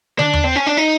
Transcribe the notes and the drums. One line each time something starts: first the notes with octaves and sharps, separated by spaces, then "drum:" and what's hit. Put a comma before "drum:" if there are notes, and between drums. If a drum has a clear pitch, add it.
D4, drum: tom
drum: tom D#2
C4
C#4
D4
D#4